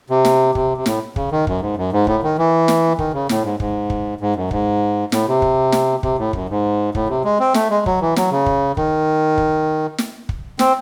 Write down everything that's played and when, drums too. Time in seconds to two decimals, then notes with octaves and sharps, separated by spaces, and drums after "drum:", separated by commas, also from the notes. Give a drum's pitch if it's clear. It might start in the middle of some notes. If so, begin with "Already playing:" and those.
0.10 C3
0.25 drum: snare
0.55 C3, drum: kick
0.77 C3
0.86 A2, drum: snare
1.16 C#3, drum: kick
1.31 D#3
1.47 F#2, drum: kick
1.61 G#2
1.77 F#2
1.92 G#2
2.07 A2, drum: kick
2.23 D#3
2.38 E3
2.68 drum: snare
2.99 D#3, drum: kick
3.13 C#3
3.29 A2, drum: snare
3.44 G#2
3.60 G#2, drum: kick
3.90 drum: kick
4.21 G#2
4.36 F#2
4.51 G#2, drum: kick
5.12 A2, drum: snare
5.27 C3
5.42 drum: kick
5.72 drum: snare
6.03 C3, drum: kick
6.18 A2
6.33 F#2, drum: kick
6.49 G#2
6.95 A2, drum: kick
7.09 C3
7.25 G#3
7.40 C4
7.54 A3, drum: snare
7.70 G#3
7.86 F#3, drum: kick
8.01 E3
8.16 F#3, drum: snare
8.31 C#3
8.46 drum: kick
8.77 D#3, drum: kick
9.38 drum: kick
9.98 drum: snare
10.29 drum: kick
10.59 C4, drum: snare